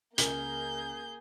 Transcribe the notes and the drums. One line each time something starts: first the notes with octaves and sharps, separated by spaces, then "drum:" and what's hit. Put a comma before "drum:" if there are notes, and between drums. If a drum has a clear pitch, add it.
C#2 A#3 G#4 A#4 G6, drum: hi-hat